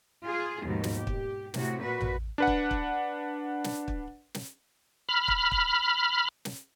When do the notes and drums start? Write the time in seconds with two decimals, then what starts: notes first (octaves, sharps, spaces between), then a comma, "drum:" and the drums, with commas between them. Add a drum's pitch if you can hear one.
0.24 F4 G#4
0.64 D#2 G#2 B2 F3
0.84 drum: snare
0.96 G4
1.07 drum: kick
1.54 A2 C3 F#4, drum: snare
1.83 A#2 F#4 B4
2.01 drum: tom A1
2.38 D4 B4 F#5
2.47 drum: kick
2.71 drum: kick
3.64 drum: snare
3.88 drum: kick
4.34 drum: snare
5.09 B5 F6
5.28 drum: kick
5.51 drum: kick
6.45 drum: snare